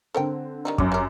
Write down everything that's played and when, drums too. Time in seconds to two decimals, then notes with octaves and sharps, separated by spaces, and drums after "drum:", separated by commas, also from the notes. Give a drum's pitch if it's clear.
0.15 D3 C4 A4 A#4 G5
0.65 D#3 G3 D#4
0.78 F#2 D6, drum: kick
0.92 G3 A#4